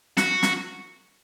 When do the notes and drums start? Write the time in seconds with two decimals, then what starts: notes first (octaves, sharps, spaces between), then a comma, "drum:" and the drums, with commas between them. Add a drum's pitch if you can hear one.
0.17 F#4, drum: snare
0.43 drum: snare